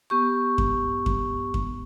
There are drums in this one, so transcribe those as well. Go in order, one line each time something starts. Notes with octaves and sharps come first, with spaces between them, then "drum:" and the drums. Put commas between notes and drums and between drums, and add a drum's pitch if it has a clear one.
B3 G4 C#6
drum: kick F#2
drum: kick F#2
drum: kick F#2